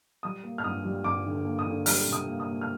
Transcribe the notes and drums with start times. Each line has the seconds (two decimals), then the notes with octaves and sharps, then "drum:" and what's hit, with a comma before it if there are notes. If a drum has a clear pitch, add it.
0.23 G3 D#6
0.43 A#3
0.58 F6
0.64 G2 D#6
0.85 G3
1.04 G2 D6
1.26 D3
1.45 A#3
1.59 D#6
1.66 D3
1.86 G3 F6, drum: open hi-hat
2.06 C3
2.13 D#6
2.27 A#3
2.40 D#6
2.47 A#3
2.61 F6